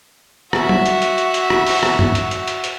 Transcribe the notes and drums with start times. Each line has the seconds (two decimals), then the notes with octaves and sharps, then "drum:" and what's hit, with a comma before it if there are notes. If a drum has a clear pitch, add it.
0.53 F#4 E5, drum: rim click
0.69 drum: tom
0.86 drum: hi-hat
1.02 drum: hi-hat
1.18 drum: hi-hat
1.34 drum: hi-hat
1.50 drum: rim click
1.67 drum: open hi-hat
1.83 drum: rim click
1.99 drum: tom
2.15 drum: hi-hat
2.31 drum: hi-hat
2.48 drum: hi-hat
2.64 drum: hi-hat